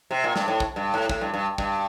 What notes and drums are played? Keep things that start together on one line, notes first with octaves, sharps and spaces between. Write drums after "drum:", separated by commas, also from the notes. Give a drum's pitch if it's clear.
C3
A#2
G2, drum: snare
A2
drum: kick
G2
A2
A2, drum: kick
G2
G2
G2, drum: kick